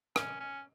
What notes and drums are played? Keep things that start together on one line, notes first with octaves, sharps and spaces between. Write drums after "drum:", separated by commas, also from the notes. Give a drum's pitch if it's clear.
C#4, drum: rim click
C#4